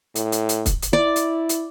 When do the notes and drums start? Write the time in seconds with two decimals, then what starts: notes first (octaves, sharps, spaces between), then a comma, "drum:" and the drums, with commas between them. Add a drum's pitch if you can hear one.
0.15 A2, drum: hi-hat
0.32 drum: hi-hat
0.49 drum: hi-hat
0.66 drum: kick, hi-hat
0.82 drum: hi-hat
0.93 E4 D5
1.16 drum: hi-hat
1.49 drum: hi-hat